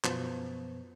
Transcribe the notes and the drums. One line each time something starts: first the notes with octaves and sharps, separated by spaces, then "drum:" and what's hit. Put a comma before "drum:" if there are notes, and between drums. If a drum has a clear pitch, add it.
F#2 B2 F3 B3 C5 G6, drum: clap